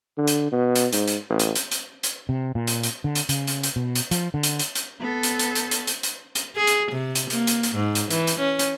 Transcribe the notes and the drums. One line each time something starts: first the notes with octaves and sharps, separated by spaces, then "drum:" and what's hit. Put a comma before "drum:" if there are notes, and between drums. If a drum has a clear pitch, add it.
D3
drum: hi-hat
B2
drum: hi-hat
G#2, drum: hi-hat
drum: hi-hat
A1
drum: hi-hat
drum: hi-hat
drum: hi-hat
drum: hi-hat
C3
A#2
drum: hi-hat
drum: hi-hat
D3
drum: hi-hat
C#3, drum: hi-hat
drum: hi-hat
drum: hi-hat
B2
drum: hi-hat
F3, drum: hi-hat
D3
drum: hi-hat
drum: hi-hat
drum: hi-hat
B3 A4
drum: hi-hat
drum: hi-hat
drum: hi-hat
drum: hi-hat
drum: hi-hat
drum: hi-hat
drum: hi-hat
G#4
drum: hi-hat
C3
drum: hi-hat
A#3, drum: hi-hat
drum: hi-hat
drum: hi-hat
G#2
drum: hi-hat
E3, drum: hi-hat
drum: hi-hat
C#4
drum: hi-hat